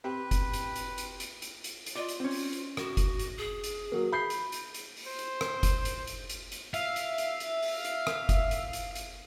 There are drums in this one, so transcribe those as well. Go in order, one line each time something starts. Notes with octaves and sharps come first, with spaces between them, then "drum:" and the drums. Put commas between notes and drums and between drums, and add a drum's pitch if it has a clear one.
C4 G4 B4
drum: kick F#1, hi-hat
drum: hi-hat
drum: hi-hat
drum: hi-hat
drum: hi-hat
drum: hi-hat
drum: hi-hat
drum: hi-hat
F4 D5 D#5
drum: hi-hat
C4 C#4
drum: open hi-hat
drum: hi-hat
F#4, drum: rim click
drum: kick F#1, hi-hat
drum: hi-hat
G#4
drum: hi-hat
F#3 A#3
B5 G6 C7
drum: hi-hat
drum: hi-hat
drum: hi-hat
drum: open hi-hat
C5
drum: hi-hat
drum: rim click
drum: kick F#1, hi-hat
drum: hi-hat
drum: hi-hat
drum: hi-hat
drum: hi-hat
E5 F5, drum: hi-hat
drum: hi-hat
drum: hi-hat
drum: hi-hat
drum: open hi-hat
drum: hi-hat
drum: rim click
drum: kick F#1, hi-hat
drum: hi-hat
drum: hi-hat
drum: hi-hat